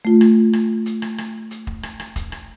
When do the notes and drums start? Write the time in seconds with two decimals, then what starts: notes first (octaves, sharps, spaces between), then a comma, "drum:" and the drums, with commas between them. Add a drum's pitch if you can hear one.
0.05 A3 F4
0.21 drum: rim click
0.53 drum: rim click
0.86 drum: hi-hat
1.02 drum: rim click
1.18 drum: rim click
1.51 drum: hi-hat
1.67 drum: kick
1.83 drum: rim click
2.00 drum: rim click
2.16 drum: kick, hi-hat
2.32 drum: rim click